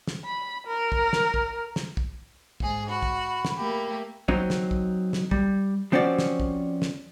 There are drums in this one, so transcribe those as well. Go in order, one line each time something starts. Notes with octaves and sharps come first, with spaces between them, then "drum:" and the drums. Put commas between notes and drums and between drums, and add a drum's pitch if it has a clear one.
drum: snare
B5
A#4
drum: kick
drum: snare
drum: kick
drum: snare
drum: kick
G#2 G#4, drum: kick
F#4 B5
drum: kick
drum: snare
A3 A#3 G4
F#3 C4 D#4, drum: kick
drum: snare
drum: kick
drum: snare
G3, drum: kick
F3 C4 C#4 F#4 D5
drum: snare
drum: kick
drum: snare